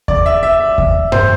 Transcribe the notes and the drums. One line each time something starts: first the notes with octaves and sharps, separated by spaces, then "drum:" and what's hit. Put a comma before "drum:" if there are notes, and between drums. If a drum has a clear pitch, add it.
D5, drum: kick D#2
E5
E5
drum: kick D#2
C5, drum: tom G2